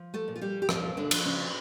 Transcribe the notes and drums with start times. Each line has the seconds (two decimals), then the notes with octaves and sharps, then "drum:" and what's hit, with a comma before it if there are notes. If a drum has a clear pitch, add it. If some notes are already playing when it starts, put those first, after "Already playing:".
Already playing: F3
0.14 A3 A4
0.28 A#2
0.36 F4
0.41 G3 G4
0.62 G4
0.69 A#2 F3 F4, drum: rim click
0.97 D3 D4
1.11 F3, drum: cymbal
1.25 C#3 C#4